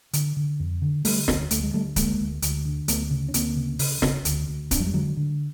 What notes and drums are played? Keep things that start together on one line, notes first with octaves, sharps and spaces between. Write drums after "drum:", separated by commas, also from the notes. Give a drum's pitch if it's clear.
D3, drum: hi-hat
D3
F2
D3
D3 G3 A3, drum: open hi-hat
D2, drum: snare
D2 A3, drum: hi-hat
G#3
D3 G3 A3
D2 G#3 A#3, drum: kick C#1, hi-hat
D2
D2, drum: hi-hat
D3
D2 A3 B3, drum: hi-hat
C#3
C#4
D2 A#3 C4, drum: hi-hat
C#3
C#3, drum: open hi-hat
C#3, drum: snare
D2, drum: hi-hat
D2
F2 C4 D4, drum: kick C#1, hi-hat
F#3
G3
D3 F#3 G#3
D3